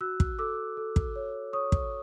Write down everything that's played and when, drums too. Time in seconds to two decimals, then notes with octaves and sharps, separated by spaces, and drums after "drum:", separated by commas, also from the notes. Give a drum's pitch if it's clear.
0.01 F#4 E6 F#6
0.20 drum: kick
0.39 A4 D6 E6
0.77 A4
0.96 drum: kick
1.16 C#5
1.53 C#5 C#6 D#6
1.72 drum: kick